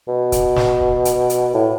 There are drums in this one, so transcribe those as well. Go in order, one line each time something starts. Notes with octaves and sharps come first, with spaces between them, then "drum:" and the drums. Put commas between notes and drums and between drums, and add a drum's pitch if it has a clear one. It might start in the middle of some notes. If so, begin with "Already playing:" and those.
B2
drum: kick C#1, hi-hat
drum: snare
drum: kick C#1
drum: hi-hat
drum: hi-hat
A2